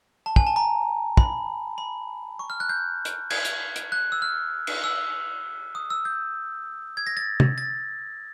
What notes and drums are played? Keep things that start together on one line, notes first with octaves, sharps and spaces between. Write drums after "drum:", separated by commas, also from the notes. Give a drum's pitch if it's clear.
A5
G#5, drum: kick
A5
A#5
B5, drum: kick
B5
C#6
F6
F#6
G6
drum: hi-hat
G#6, drum: cymbal
drum: hi-hat
drum: hi-hat
F#6
E6
F6
drum: cymbal
E6
D#6
E6
G6
G#6
A#6
A6
drum: tom
A6